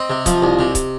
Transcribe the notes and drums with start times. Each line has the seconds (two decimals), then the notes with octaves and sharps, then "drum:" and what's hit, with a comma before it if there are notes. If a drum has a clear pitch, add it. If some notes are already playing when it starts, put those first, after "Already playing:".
Already playing: C4 D#5
0.10 C3
0.26 F3, drum: kick C#1, hi-hat
0.42 C2
0.59 C3
0.75 drum: kick C#1, hi-hat